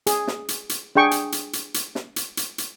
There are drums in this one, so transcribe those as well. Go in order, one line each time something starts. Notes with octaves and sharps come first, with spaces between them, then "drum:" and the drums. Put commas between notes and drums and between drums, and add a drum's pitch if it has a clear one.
G#4, drum: hi-hat
drum: snare
drum: hi-hat
drum: hi-hat
D4 G#4 G5 C#6
drum: hi-hat
drum: hi-hat
drum: hi-hat
drum: hi-hat
drum: snare
drum: hi-hat
drum: hi-hat
drum: hi-hat